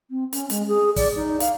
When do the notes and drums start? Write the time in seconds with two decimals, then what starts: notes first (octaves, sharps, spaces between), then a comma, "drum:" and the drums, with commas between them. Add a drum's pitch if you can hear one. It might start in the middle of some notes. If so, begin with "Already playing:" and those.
0.10 C4
0.33 C#4, drum: hi-hat
0.50 G#3, drum: hi-hat
0.68 G#4
0.96 D5, drum: kick, open hi-hat
1.16 D#4
1.40 F5, drum: hi-hat